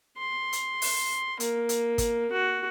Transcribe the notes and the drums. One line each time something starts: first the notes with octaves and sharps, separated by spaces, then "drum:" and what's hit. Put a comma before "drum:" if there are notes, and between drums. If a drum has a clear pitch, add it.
C6
drum: hi-hat
drum: open hi-hat
A#3, drum: hi-hat
drum: hi-hat
drum: kick, hi-hat
F#4